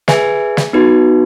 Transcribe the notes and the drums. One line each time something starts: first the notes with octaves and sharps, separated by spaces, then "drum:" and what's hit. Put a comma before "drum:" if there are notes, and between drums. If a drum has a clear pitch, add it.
G#4 B4 E5 G#5, drum: snare
drum: snare
B3 D#4 F#4 B4